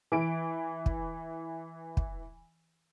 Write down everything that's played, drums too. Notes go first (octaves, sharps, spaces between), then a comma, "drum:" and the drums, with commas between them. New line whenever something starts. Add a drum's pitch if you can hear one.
E3 D7
drum: kick
drum: kick